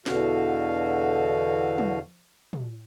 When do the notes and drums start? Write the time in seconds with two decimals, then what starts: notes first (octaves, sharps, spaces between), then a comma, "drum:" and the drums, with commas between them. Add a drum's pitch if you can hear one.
0.06 E2 B2 D3 F#4 F5, drum: snare
1.78 drum: tom
2.53 drum: tom